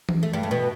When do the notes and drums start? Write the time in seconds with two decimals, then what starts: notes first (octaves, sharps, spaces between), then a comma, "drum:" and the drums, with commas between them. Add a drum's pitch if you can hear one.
0.09 drum: tom E3
0.23 A3
0.33 G2 G3
0.43 A3
0.51 B2 B3